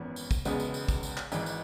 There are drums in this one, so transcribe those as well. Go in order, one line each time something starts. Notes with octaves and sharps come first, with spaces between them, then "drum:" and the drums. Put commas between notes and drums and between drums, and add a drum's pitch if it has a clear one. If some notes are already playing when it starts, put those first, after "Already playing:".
Already playing: G#1 F#2 E3 B3
drum: tambourine
drum: kick, tambourine
E1 E2 C#3 G#3 B3, drum: tambourine
drum: tambourine
drum: tambourine
drum: kick, tambourine
drum: tambourine
drum: clap
G#1 G#2 E3, drum: tambourine
drum: tambourine